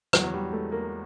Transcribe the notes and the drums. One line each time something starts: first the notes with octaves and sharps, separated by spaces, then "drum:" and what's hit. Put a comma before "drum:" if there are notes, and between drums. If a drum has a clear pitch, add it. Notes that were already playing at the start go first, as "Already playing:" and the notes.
E2 F#3, drum: rim click
G3
G#3 A3
A#3